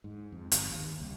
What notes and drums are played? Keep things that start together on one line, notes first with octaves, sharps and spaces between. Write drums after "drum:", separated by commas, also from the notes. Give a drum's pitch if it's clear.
G#2
F2
G1, drum: hi-hat
D#2
C2